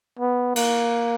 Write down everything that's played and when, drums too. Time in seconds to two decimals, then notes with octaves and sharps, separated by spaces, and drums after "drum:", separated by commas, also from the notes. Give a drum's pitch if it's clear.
0.19 B3
0.56 A#3, drum: cymbal